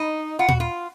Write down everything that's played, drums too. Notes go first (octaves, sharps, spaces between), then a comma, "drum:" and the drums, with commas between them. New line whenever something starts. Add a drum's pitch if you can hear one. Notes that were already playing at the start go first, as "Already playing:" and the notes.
Already playing: D#4
F4 F#5
F#4, drum: tom A#2
F4